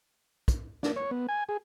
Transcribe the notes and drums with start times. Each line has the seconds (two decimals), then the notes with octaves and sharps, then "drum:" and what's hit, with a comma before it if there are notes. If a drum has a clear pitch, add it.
0.48 drum: kick, hi-hat
0.83 D4, drum: snare
0.96 C#5
1.11 B3
1.29 G#5
1.49 G#4